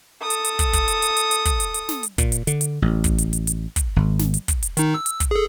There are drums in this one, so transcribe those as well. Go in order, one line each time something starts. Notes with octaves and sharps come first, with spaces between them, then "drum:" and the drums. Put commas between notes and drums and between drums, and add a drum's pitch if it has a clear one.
A4 D#6
drum: hi-hat
drum: hi-hat
drum: kick, hi-hat
drum: kick, hi-hat
drum: hi-hat
drum: hi-hat
drum: hi-hat
drum: hi-hat
drum: kick, hi-hat
drum: hi-hat
drum: hi-hat
drum: snare
drum: hi-hat
A#2, drum: kick, hi-hat
drum: hi-hat
D3, drum: hi-hat
drum: hi-hat
A1
drum: kick, hi-hat
drum: hi-hat
drum: hi-hat
drum: hi-hat
drum: kick, hi-hat
G#1
drum: snare
drum: hi-hat
drum: kick, hi-hat
drum: hi-hat
D#3 D#4, drum: hi-hat
E6
drum: hi-hat
drum: kick, hi-hat
G#4 A4